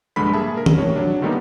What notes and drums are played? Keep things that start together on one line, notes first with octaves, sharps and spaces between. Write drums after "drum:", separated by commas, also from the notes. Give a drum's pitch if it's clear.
A#1 G2 D3 G#3 B5 B6
A#3 G#4 E5 A5
A#4
drum: tom D#3
A2 C#5
F#3 D4
D3 D#3 G3 A#3 B3 D#4